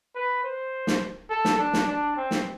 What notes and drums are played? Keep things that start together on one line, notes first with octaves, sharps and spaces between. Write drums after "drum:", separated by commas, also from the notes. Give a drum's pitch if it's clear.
B4
C5
drum: snare
A4
drum: snare
D4
drum: snare
D4
C4
drum: snare